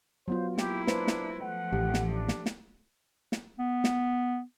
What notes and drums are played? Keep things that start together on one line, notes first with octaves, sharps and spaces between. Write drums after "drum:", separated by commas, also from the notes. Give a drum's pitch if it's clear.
F#3 B3 F4 C5
A#3 E4 G4, drum: snare
D4 B4 C5, drum: snare
drum: snare
F3 A3 F#5
A1 G4
drum: snare
D4
drum: snare
drum: snare
drum: snare
B3
drum: snare